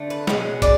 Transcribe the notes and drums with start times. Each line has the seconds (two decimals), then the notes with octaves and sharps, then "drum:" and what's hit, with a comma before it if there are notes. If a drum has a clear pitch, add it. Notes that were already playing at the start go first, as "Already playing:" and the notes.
Already playing: D3 A3
0.10 B4
0.27 B2 G#3 C#4, drum: snare
0.62 D5, drum: kick, hi-hat